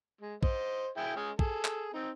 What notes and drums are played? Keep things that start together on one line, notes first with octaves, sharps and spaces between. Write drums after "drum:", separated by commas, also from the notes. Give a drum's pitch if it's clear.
G#3
C5 D#5, drum: kick
E4 G#4 G5
G#3 C#4
G#4 A4, drum: kick
drum: clap
C4 D#4